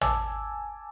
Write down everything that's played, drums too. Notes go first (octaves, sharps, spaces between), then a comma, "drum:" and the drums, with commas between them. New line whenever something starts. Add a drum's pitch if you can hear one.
G#5 A5 D6 E6, drum: tom